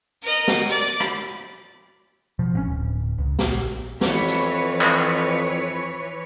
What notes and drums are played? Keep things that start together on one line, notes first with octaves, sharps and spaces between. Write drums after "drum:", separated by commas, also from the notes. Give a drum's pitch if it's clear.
A#4 D#5
drum: snare
D5
drum: rim click
B2 F3
A1 A#3 C#4
D1
C#2
A#1, drum: snare
F2 E3 B4 C#5, drum: snare
drum: hi-hat
drum: clap